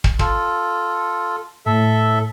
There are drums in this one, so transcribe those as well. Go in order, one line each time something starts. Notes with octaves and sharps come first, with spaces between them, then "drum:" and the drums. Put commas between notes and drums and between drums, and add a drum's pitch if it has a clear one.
drum: kick
F4 A4, drum: kick
A2 A4 E5